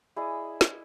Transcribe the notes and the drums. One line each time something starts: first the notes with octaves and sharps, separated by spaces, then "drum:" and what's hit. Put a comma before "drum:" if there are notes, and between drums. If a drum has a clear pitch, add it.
E4 G#4 D5 D#5
drum: snare